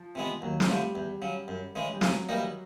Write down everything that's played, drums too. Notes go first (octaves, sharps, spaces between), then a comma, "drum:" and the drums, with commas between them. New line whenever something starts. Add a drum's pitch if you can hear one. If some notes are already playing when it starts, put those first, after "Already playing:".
Already playing: F3
C3 E3 G#3 B3
D#2 F#3
drum: snare
D3 F3 G3 A3
E2
C#3 F#3
F#2
C#3 E3 G#3
G3
C#3 F#3, drum: snare
E3 G3 A#3 D#4